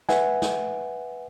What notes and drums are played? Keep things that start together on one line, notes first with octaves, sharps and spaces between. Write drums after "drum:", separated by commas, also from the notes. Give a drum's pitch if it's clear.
B4 E5 F#5 G#5, drum: snare
drum: snare